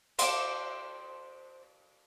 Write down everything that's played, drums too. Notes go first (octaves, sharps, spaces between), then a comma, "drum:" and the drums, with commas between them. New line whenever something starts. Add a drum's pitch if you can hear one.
C5 D6, drum: cymbal